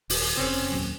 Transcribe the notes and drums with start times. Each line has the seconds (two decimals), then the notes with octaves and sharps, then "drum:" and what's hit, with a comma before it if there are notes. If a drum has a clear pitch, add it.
0.10 D#1, drum: open hi-hat
0.37 F1 C#3 C4 C#4
0.71 D#2 A#2 F#3